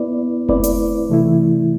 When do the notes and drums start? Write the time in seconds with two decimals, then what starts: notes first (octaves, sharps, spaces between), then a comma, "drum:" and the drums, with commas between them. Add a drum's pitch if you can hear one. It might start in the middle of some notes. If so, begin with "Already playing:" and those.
Already playing: B3 E4 B4 D5
0.49 A3 C4 E4 B4 D5, drum: kick F1
0.64 drum: hi-hat
1.09 C3 E3 A3 E4